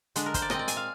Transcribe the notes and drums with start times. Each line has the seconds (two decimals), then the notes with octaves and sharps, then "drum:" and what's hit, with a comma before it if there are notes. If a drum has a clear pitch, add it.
0.16 D3 G#3 D4, drum: hi-hat
0.26 A#4
0.34 C5, drum: kick, hi-hat
0.42 D5
0.50 A#2 G#3 C4 D#5, drum: rim click
0.59 D5
0.68 G#5, drum: hi-hat
0.77 F5